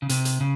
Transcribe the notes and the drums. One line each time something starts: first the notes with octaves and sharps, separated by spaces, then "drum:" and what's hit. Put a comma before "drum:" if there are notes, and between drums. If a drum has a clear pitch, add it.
C#3
C3, drum: hi-hat
drum: hi-hat
C#3